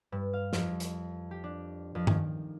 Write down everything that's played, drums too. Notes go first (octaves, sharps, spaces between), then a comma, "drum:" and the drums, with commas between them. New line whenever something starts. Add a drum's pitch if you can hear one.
G2
F5
F2, drum: snare
drum: hi-hat
G4
D4
F2
D#3, drum: tom G2